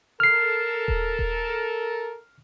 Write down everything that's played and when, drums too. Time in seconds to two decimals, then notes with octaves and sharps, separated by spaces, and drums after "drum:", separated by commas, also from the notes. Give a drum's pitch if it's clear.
0.20 A4 A#4 F6 C7
0.88 drum: kick D#1
1.19 drum: kick D#1